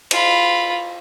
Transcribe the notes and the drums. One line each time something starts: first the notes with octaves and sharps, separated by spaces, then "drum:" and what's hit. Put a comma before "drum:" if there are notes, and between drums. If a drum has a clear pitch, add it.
F4 B5, drum: cymbal